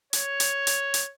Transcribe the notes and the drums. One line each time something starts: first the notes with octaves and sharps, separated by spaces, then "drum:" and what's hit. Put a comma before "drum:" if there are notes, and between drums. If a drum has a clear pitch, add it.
C#5, drum: hi-hat
drum: hi-hat
drum: hi-hat
drum: hi-hat